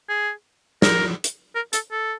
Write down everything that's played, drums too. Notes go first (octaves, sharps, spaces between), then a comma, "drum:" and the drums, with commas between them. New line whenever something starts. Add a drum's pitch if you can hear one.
G#4
A#4, drum: snare
drum: hi-hat
A#4
A4, drum: hi-hat
A4